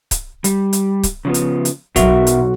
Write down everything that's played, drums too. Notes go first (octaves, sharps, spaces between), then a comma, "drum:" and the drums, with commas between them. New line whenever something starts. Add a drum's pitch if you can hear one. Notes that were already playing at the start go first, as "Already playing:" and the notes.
drum: kick C#1, hi-hat
G3, drum: hi-hat
drum: hi-hat
drum: kick C#1, hi-hat
C#3 F3 B3
drum: hi-hat
drum: hi-hat
B1 B2 F#4 A#4 E5, drum: kick C#1, hi-hat
drum: hi-hat